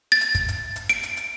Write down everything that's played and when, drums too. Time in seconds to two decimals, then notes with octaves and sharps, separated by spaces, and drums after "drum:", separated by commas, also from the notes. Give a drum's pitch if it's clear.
0.12 A6
0.21 drum: hi-hat
0.35 drum: kick, hi-hat
0.48 drum: hi-hat
0.76 drum: hi-hat
0.89 D7, drum: hi-hat
1.03 drum: hi-hat
1.17 drum: hi-hat